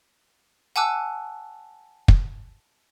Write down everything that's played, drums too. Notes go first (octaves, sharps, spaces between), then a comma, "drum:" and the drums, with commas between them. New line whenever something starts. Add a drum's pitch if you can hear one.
F#5 G#5 A5 D6 E6 F#6
drum: kick